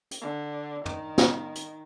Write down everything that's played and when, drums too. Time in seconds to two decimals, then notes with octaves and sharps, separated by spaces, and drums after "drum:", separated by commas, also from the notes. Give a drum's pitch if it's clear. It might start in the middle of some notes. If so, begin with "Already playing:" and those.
0.11 drum: hi-hat
0.21 D3
0.86 D#3, drum: tom
1.18 drum: snare
1.55 drum: hi-hat